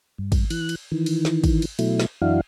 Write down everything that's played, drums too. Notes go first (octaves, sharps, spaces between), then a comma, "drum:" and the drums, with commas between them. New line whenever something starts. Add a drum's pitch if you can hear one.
G2
drum: kick, cymbal
E3 F#6, drum: cymbal
drum: cymbal
D#3 E3
drum: cymbal
drum: snare
drum: kick, cymbal
drum: cymbal
B2 F#3 A3 E4, drum: cymbal
drum: snare
F#2 E3 D4 E4 F#4 F5